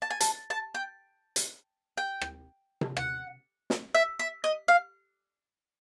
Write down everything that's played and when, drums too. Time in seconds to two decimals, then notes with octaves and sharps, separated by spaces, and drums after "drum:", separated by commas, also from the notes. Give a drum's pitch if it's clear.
0.02 A5
0.10 G#5
0.20 A5, drum: hi-hat
0.50 A5
0.75 G5
1.36 drum: hi-hat
1.98 G5
2.21 drum: rim click
2.81 drum: tom C3
2.97 F#5, drum: rim click
3.70 drum: snare
3.95 E5
4.19 E5
4.44 D#5
4.68 F5